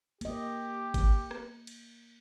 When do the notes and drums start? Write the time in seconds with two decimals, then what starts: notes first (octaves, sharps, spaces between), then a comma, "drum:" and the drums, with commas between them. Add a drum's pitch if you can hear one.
0.21 A#3 G4 D#5, drum: cymbal
0.94 drum: kick G#1, cymbal
1.31 drum: rim click
1.67 drum: cymbal